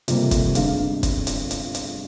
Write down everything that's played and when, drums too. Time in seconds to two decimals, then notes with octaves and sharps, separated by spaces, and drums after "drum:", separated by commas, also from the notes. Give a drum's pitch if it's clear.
0.08 F1 F2 C3 G3 A#3, drum: hi-hat
0.31 drum: kick, hi-hat
0.55 G1 G2 D3 G#3 F5, drum: hi-hat
1.03 drum: kick, hi-hat
1.27 drum: hi-hat
1.51 drum: hi-hat
1.75 drum: hi-hat